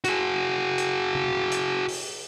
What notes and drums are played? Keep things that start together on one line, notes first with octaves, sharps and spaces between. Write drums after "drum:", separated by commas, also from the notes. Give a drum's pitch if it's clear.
F#4 G#4, drum: hi-hat
drum: hi-hat
drum: tom C#3
drum: hi-hat
drum: open hi-hat